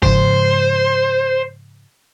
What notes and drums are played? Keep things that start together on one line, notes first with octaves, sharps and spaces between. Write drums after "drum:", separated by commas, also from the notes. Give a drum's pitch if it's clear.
G#2 C#3 F3 C5, drum: kick G1